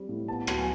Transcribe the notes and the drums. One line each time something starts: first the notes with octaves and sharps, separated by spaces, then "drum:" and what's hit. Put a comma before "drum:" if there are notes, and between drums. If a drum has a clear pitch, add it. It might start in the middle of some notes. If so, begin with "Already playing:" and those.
Already playing: G3 C4
A2
B3 A5
F#3, drum: rim click
G#5